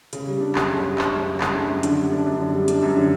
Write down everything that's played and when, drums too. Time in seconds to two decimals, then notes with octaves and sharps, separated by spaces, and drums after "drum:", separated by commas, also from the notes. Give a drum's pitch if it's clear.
0.13 C#3, drum: hi-hat
0.27 G3
0.40 D4
0.55 F#2, drum: clap
0.70 C#3
0.84 G3
0.98 D4, drum: clap
1.12 F#2
1.26 C#3
1.41 G3, drum: clap
1.55 D4
1.68 F#2
1.83 D3, drum: hi-hat
1.97 G3
2.12 D4
2.25 F#2
2.39 D3
2.54 G3
2.68 D4, drum: hi-hat
2.83 F#2
2.96 D3